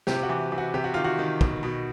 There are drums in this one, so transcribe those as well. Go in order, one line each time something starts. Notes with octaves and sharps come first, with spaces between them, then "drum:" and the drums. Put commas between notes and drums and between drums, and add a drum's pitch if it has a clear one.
C3 G4, drum: snare
F#4
E3
E3
F#4
C3 G4
F#4
D#3 F4
F#4
D#3
B2, drum: kick
B2